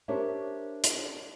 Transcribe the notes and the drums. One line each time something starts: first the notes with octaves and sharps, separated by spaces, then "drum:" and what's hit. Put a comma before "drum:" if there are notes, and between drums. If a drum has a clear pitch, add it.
D4 G4 A#4 C5 C#5 E5
drum: hi-hat